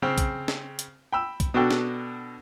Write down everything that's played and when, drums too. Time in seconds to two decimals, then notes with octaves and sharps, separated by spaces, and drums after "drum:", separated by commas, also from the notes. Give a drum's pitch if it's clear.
0.02 C#3 C4
0.18 drum: kick, hi-hat
0.48 drum: snare
0.79 drum: hi-hat
1.12 G5 B5 E6
1.40 drum: kick, hi-hat
1.54 B2 D4 F#4 A4 G5
1.71 drum: snare